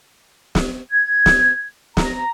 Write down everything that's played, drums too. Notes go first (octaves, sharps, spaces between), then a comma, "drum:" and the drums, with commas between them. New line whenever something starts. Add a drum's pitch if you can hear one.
drum: snare
G#6
drum: snare
A#5, drum: snare